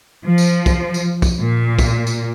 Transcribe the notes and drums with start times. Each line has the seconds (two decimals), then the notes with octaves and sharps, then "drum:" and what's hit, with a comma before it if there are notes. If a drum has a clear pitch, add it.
0.24 F3
0.38 drum: tambourine
0.66 drum: kick, tambourine
0.94 drum: tambourine
1.22 drum: kick, tambourine
1.39 A#2
1.79 drum: kick, tambourine
2.07 drum: tambourine